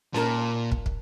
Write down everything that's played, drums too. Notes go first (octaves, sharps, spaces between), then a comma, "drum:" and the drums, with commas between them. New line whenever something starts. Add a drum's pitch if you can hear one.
A#2 A#4 A5, drum: snare C#4
drum: kick
drum: kick